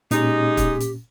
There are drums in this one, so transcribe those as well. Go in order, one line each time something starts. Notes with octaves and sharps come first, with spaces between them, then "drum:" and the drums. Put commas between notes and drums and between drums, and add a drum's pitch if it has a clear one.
A#2 G#3 C#4 D#4 G4, drum: hi-hat
drum: kick, hi-hat
drum: hi-hat